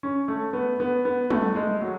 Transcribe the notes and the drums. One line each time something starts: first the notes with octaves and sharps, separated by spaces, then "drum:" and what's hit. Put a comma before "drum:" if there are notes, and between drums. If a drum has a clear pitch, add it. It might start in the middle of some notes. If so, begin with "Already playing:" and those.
C#4
A3
B3
B3
B3
A3, drum: tom
G#3
F#3